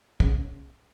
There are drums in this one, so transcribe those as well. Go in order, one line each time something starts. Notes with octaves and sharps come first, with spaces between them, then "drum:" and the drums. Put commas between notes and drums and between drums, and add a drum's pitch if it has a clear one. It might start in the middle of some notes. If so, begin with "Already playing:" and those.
C#3, drum: kick